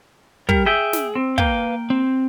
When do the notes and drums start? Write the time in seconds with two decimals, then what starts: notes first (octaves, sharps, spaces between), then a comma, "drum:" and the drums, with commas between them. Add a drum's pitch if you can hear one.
0.49 G3 A#4, drum: kick
0.66 G#4 E5 G5
0.93 drum: snare
1.15 C4
1.38 A#3 B4 F5 G5, drum: kick
1.90 C4